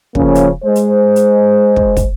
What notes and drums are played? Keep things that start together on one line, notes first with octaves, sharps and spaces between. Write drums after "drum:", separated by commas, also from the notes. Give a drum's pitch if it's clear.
C#3 F3 A#3 C#4, drum: kick
drum: hi-hat
G#3 C5
drum: hi-hat
drum: hi-hat
drum: kick
drum: kick, hi-hat